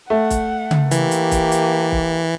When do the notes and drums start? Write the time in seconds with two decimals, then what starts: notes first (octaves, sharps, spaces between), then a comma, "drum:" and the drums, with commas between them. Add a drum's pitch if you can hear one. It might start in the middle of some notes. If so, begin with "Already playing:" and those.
0.10 A3 F#5
0.30 drum: kick, hi-hat
0.71 drum: tom C#3
0.91 E3 A#3 G4, drum: hi-hat
1.11 drum: hi-hat
1.31 drum: kick, hi-hat
1.52 drum: hi-hat
1.92 drum: kick